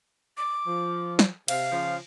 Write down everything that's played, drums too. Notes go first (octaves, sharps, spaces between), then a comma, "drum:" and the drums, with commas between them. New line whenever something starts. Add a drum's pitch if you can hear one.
D6
F3
drum: snare
C3 F5, drum: cymbal
C#3 F3